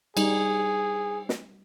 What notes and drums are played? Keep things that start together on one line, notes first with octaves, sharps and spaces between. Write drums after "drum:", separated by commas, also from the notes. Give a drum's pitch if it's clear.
G3 D#4 G#4, drum: cymbal
drum: snare